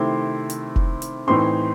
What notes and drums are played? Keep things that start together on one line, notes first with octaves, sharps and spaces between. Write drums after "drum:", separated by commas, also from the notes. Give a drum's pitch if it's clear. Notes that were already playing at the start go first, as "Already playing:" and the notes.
Already playing: C3 D#3 A3 C4 E4 C6
drum: hi-hat
drum: kick F1
drum: hi-hat
A2 E3 C4 D#4 C6